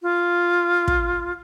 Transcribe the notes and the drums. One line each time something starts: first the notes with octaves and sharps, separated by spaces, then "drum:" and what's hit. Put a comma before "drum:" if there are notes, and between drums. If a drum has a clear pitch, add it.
F4
drum: kick